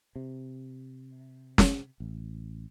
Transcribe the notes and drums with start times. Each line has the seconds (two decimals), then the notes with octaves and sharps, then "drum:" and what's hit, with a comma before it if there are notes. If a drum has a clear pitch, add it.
0.16 C3
1.58 drum: snare
2.00 A1